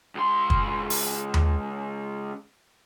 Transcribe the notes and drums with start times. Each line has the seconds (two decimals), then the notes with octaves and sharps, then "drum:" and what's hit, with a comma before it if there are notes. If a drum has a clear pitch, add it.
0.15 C#2 C6
0.50 drum: kick
0.90 drum: open hi-hat
1.34 drum: tom D#2